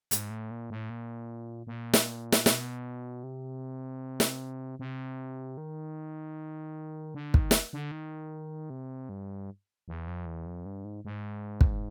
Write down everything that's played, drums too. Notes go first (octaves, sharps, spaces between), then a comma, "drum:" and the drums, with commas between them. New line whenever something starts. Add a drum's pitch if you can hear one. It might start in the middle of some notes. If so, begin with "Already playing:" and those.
G#2, drum: hi-hat
A2
A#2
A2
A#2
A#2
drum: snare
drum: snare
B2, drum: snare
C3
drum: snare
C3
D#3
D3
D#3, drum: kick
drum: snare
D3
D#3
C3
G2
E2
F2
E2
F2
G2
G#2
G#2
drum: kick